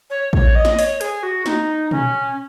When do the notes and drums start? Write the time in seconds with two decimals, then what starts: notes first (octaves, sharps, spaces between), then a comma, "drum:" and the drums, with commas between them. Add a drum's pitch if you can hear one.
0.10 C#5
0.33 C#5, drum: kick
0.55 D#5
0.65 drum: snare
0.79 C#5, drum: open hi-hat
1.01 G#4, drum: hi-hat
1.23 F#4
1.46 D#4, drum: snare
1.91 C#4, drum: tom